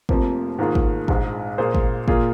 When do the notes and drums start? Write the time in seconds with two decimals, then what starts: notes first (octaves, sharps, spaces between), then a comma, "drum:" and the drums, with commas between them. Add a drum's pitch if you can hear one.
0.09 F1 F2 F3 A#3, drum: kick
0.59 G#2 D#3 A#3 F4 G#4
0.75 drum: kick
1.08 A#1 G#2 G#3, drum: kick
1.58 A#2 A#3 G#4 C5
1.75 drum: kick
2.08 A#2 A#3 F4 G#4, drum: kick